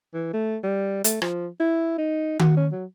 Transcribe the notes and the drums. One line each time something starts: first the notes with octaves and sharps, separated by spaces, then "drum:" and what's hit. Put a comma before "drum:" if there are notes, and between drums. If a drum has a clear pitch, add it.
E3
A3
G3
A3, drum: hi-hat
F3, drum: rim click
E4
D#4
F#4, drum: tom D#3
C#4
F#3